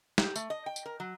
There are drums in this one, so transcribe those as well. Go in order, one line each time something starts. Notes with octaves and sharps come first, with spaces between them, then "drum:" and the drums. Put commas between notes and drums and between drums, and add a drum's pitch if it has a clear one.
G4, drum: snare
A3, drum: tambourine
D#5
G5
drum: tambourine
A#4
F#3